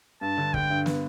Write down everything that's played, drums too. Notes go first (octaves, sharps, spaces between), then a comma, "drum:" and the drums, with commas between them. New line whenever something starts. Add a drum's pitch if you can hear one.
G2 A5
D3
D3 G5, drum: kick
G2
B3, drum: snare